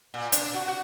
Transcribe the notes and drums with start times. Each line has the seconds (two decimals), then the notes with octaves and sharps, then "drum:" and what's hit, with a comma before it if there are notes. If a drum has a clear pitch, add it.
0.14 A#2
0.32 D4, drum: hi-hat
0.54 F#4
0.68 F#4